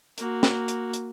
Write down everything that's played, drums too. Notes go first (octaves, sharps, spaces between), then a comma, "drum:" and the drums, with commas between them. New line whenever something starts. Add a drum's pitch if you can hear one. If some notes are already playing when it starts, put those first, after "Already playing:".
A#3 F#4, drum: hi-hat
drum: snare
drum: hi-hat
drum: hi-hat